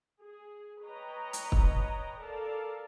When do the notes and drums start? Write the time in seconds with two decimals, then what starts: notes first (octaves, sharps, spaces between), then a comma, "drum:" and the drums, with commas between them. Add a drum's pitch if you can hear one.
0.21 G#4
0.83 B4 C#5 D#5 G5 A#5
1.33 drum: hi-hat
1.52 drum: kick
2.20 A4 A#4 D5 F5 A5